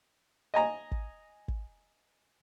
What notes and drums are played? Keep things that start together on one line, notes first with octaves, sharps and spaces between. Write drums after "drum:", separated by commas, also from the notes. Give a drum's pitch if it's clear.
D#5 G#5 A#5
drum: kick
drum: kick